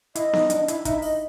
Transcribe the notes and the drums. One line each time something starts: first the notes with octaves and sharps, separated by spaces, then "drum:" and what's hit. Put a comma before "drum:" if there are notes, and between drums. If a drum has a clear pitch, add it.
E4 D#5, drum: hi-hat
D#4, drum: snare B3
D4, drum: hi-hat
E4, drum: hi-hat
D#4 E5, drum: kick, hi-hat
D#5, drum: open hi-hat